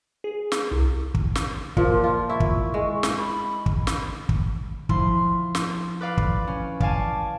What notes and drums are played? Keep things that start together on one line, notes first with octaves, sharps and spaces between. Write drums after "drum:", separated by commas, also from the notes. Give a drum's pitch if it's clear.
G#4
drum: snare
C2
drum: kick
drum: snare
A#2 F3 A#4, drum: kick
F4
E4 C#6
drum: kick
G#3
drum: snare
B5
drum: kick
drum: snare
drum: kick
F3 E4 C6, drum: kick
drum: snare
B4 D5 F5 B5
drum: kick
C#4
D5 F5 G#5 A5, drum: kick